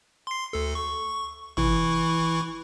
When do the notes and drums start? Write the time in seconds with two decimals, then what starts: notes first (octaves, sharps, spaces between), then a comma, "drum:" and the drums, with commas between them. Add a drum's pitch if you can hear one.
0.27 C6 C7
0.53 D2 A4
0.75 C#6
1.57 E3 E4 C#6, drum: tom